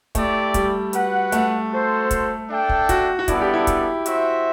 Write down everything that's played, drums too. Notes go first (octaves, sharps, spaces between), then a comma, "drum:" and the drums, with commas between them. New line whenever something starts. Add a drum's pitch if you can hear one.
A3 E4 G4 D5, drum: kick, hi-hat
G3, drum: kick, hi-hat
F#4 B4 F#5, drum: hi-hat
A3, drum: hi-hat
F#4 A4 C5
drum: kick, hi-hat
D4 A4 E5 G5
drum: kick
F#4, drum: kick, hi-hat
F#4
G3 B3 D4 E4 A4 D5, drum: kick, hi-hat
G4
E4
drum: kick, hi-hat
F#4 C5 E5, drum: hi-hat